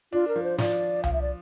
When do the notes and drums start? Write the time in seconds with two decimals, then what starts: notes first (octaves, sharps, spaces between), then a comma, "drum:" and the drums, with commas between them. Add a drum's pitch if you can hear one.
0.13 D4 F4
0.28 A#4
0.36 F3
0.43 C5
0.58 F3 D5, drum: snare
1.04 F5, drum: tom C2
1.13 E5
1.21 D5